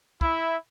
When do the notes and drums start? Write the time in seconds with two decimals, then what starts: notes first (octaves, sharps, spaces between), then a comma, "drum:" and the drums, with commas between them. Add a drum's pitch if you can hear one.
0.21 E4, drum: kick